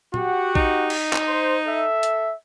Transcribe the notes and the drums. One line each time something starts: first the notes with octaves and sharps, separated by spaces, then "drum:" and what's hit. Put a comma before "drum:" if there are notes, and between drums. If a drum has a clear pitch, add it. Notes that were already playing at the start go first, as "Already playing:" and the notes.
F#4 G4 F#5, drum: tom A#2
D#4, drum: kick A#1
drum: cymbal
drum: clap
C5
A4 E5
drum: hi-hat